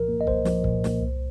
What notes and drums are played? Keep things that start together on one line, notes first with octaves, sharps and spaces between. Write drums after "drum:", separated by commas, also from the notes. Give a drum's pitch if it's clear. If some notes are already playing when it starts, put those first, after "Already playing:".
Already playing: C2 A#2 F3 A#4
A#3
D#5
C2 C5, drum: kick C#1
F3, drum: snare
A#2, drum: kick C#1
A#3, drum: snare
C2